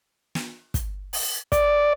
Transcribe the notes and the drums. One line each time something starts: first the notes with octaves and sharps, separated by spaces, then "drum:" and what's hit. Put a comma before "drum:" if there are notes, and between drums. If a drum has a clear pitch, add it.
drum: snare
drum: kick, hi-hat
drum: open hi-hat
D5, drum: kick, hi-hat